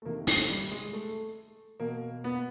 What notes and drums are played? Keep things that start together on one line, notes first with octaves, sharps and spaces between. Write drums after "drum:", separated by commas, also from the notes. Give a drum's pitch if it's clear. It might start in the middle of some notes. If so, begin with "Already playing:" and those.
A3
C3 D#3 A#3
A3, drum: open hi-hat
G3
G#3
A3
B2 A#3
B3